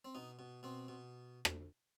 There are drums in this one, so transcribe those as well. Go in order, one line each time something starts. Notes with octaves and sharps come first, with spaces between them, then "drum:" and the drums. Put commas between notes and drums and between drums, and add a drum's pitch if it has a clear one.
C4
B2 D#4
B2
B2 C4
B2
drum: rim click